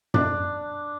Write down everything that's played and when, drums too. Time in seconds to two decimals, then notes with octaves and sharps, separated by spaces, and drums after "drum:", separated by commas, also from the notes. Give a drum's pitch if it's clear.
0.14 D4, drum: tom F#2